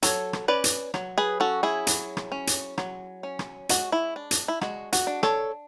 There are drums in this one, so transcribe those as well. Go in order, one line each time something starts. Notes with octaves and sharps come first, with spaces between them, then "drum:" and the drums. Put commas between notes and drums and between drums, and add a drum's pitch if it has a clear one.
F#3 A4 C#5, drum: hi-hat
drum: rim click
C#4 B4 D5
drum: hi-hat
F#3, drum: rim click
G#4 B4
C#4 F#4 A4
E4 G#4
F#3, drum: hi-hat
drum: rim click
C#4
drum: hi-hat
F#3, drum: rim click
C#4
drum: rim click
G#3 F#4, drum: hi-hat
E4
D4
drum: hi-hat
E4
G#3 F#4, drum: rim click
F#4, drum: hi-hat
D4
A4 C#5, drum: rim click